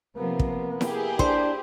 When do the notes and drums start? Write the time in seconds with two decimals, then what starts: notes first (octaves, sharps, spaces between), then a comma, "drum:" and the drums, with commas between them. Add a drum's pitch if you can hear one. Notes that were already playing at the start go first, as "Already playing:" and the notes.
0.16 C3 F3 A#3 B3
0.39 drum: kick
0.81 E4 G4 G#4, drum: snare E4
1.19 D4 C5, drum: kick